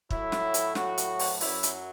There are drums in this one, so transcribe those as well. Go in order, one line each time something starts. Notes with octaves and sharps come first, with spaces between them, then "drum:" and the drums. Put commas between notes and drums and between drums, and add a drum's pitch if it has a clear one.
A2 F#3 E4, drum: kick
drum: snare
drum: hi-hat
F#4, drum: snare
drum: hi-hat
drum: open hi-hat
F#2 F#3 E4, drum: open hi-hat
drum: hi-hat